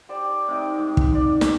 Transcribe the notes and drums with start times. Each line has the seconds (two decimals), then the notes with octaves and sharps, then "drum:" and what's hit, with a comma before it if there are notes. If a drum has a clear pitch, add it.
0.09 G4 C5 D5
0.48 C3 D#4 G5 D6
0.79 G#2
0.97 drum: kick
1.14 D5
1.41 drum: snare